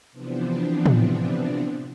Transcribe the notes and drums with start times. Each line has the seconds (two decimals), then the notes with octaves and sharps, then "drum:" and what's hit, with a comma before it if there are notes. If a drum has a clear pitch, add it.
0.12 C3 E3 F3 B3 C4 D4
0.86 drum: tom